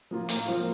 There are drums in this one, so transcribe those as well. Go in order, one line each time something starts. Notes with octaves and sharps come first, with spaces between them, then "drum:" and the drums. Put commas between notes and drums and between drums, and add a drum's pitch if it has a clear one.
F3 A#3 F4
A2 A#3, drum: hi-hat
F3 C4 F4